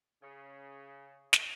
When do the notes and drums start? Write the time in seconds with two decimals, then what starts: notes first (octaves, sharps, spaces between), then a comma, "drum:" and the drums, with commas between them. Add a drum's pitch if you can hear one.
0.22 C#3
1.33 drum: snare